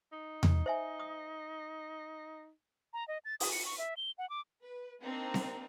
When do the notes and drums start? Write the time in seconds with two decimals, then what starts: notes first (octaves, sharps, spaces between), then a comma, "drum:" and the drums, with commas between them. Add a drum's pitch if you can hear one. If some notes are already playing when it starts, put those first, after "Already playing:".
0.13 D#4
0.43 drum: tom E2
0.66 C5 E5 G#5
1.00 D#6
2.93 A#5
3.08 D#5
3.25 A6
3.40 D#6, drum: open hi-hat
3.52 C#7
3.65 C#6
3.78 E5
3.97 G7
4.18 F#5
4.30 D6
4.63 B4
5.01 A#3 C4 D4 D#4 A#4
5.34 drum: snare C4